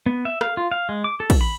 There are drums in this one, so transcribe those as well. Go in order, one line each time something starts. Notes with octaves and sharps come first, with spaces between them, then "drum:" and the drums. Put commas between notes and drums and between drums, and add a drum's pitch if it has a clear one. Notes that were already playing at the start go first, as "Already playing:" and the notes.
B3
E5
F5, drum: rim click
F4
F5
G#3
D6
A4
drum: kick, cymbal
B5